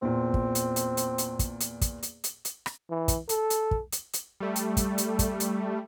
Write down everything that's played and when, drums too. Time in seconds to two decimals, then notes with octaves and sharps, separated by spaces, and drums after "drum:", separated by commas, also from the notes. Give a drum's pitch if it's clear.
0.02 E2 A#2 C4
0.34 drum: kick
0.55 drum: hi-hat
0.76 drum: hi-hat
0.97 drum: hi-hat
1.18 drum: hi-hat
1.39 drum: kick, hi-hat
1.60 drum: hi-hat
1.81 drum: kick, hi-hat
2.03 drum: hi-hat
2.24 drum: hi-hat
2.45 drum: hi-hat
2.66 drum: rim click
2.90 E3
3.08 drum: kick, hi-hat
3.29 A4, drum: hi-hat
3.50 drum: hi-hat
3.71 drum: kick
3.92 drum: hi-hat
4.13 drum: hi-hat
4.40 G3 A3
4.56 drum: hi-hat
4.77 drum: kick, hi-hat
4.98 drum: hi-hat
5.19 drum: kick, hi-hat
5.40 drum: hi-hat